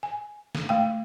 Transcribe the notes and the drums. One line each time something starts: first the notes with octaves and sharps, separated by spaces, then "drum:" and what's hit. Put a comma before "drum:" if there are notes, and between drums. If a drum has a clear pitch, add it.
G#5
drum: snare
A3 G5